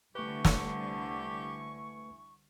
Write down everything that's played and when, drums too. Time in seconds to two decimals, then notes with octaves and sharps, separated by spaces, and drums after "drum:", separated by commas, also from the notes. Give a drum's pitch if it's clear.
0.15 C2 D3 A3 E4 G4 B4 G#5 C#6
0.45 drum: snare